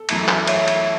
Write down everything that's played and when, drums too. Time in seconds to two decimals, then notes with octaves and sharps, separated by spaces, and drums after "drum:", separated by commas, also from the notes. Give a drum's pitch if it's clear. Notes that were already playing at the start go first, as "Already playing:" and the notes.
Already playing: A4
0.09 F#2 E3 A3, drum: cymbal
0.28 drum: clap
0.47 C#5 E5, drum: cymbal
0.68 drum: cymbal